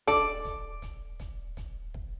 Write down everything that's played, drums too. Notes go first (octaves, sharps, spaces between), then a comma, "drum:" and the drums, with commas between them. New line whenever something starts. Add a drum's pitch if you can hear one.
A4 D5, drum: kick, hi-hat
drum: kick, hi-hat
drum: kick, hi-hat
drum: kick, hi-hat
drum: kick, hi-hat
drum: kick